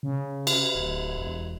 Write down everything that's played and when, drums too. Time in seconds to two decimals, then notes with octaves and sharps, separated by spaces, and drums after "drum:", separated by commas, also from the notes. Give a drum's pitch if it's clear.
0.03 C#3
0.47 drum: cymbal
0.75 D1
1.17 E1